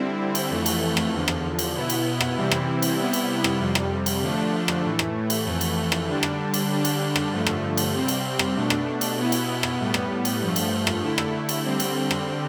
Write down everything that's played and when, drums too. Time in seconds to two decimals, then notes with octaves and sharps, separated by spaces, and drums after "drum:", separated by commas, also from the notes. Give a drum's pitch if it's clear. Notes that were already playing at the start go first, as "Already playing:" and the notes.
Already playing: D3 G3 C4 E4
0.35 drum: cymbal
0.50 F2 E3 A3
0.66 drum: cymbal
0.97 drum: rim click
1.12 E2 D3 F3
1.28 drum: rim click
1.59 drum: cymbal
1.75 B2 B3 E4
1.90 drum: cymbal
2.21 drum: rim click
2.36 C3 E3 G3 C4 E4
2.51 drum: rim click
2.82 drum: cymbal
2.97 C3 G3 B3 E4
3.13 drum: cymbal
3.44 drum: rim click
3.60 F2 C3 G3
3.75 drum: rim click
4.06 drum: cymbal
4.21 D3 F3 A3 D4
4.68 drum: rim click
4.83 A2 E3 A3
4.99 drum: rim click
5.30 drum: cymbal
5.45 F2 E3 A3
5.61 drum: cymbal
5.92 drum: rim click
6.07 D3 G3 D4
6.23 drum: rim click
6.54 drum: cymbal
6.70 D3 G3 D4
6.85 drum: cymbal
7.16 drum: rim click
7.31 G2 D3 F3 A3
7.47 drum: rim click
7.77 drum: cymbal
7.93 C3 G3 C4
8.08 drum: cymbal
8.39 drum: rim click
8.55 B2 A3 D4
8.70 drum: rim click
9.01 drum: cymbal
9.17 B2 B3 E4
9.32 drum: cymbal
9.63 drum: rim click
9.79 A2 G3 B3
9.94 drum: rim click
10.25 drum: cymbal
10.40 G2 F3 A3
10.56 drum: cymbal
10.87 drum: rim click
11.02 D3 A3 E4
11.18 drum: rim click
11.49 drum: cymbal
11.64 D3 G3 C4
11.80 drum: cymbal
12.11 drum: rim click